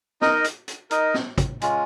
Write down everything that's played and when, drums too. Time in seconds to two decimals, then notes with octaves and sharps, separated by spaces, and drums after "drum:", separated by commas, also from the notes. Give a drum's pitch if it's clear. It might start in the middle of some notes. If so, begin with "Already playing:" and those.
0.22 D#4 A#4 D#5, drum: snare
0.44 drum: hi-hat
0.68 drum: hi-hat
0.91 D#4 A#4 D#5, drum: hi-hat
1.14 drum: snare
1.38 drum: kick, hi-hat
1.61 G#3 C#4 F4, drum: hi-hat